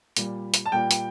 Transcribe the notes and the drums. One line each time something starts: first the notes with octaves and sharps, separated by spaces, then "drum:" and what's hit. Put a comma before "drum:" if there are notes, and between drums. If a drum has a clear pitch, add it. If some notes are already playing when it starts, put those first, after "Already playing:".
A#2 G3, drum: hi-hat
drum: hi-hat
A5
A#2 G3 G5
drum: hi-hat